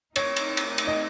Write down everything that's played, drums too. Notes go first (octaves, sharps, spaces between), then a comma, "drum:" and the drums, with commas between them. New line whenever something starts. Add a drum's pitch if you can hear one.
A3 C4 D#4 A#4 C#5, drum: cymbal
drum: cymbal
drum: cymbal
drum: cymbal
D#5